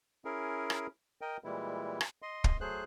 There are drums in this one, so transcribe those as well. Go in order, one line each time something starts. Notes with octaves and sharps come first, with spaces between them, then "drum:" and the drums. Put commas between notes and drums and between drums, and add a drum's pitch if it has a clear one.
C#4 E4 G#4 A#4
drum: rim click
A#4 D#5 G5
A#2 E3 G3 G#3 E4
drum: rim click
D#5 C6
drum: kick
F#3 A3 G#4 C5 F#6